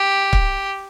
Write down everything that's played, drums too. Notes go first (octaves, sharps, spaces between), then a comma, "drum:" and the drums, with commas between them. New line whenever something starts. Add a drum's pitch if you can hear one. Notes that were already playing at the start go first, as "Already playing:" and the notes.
Already playing: G4
drum: kick C#1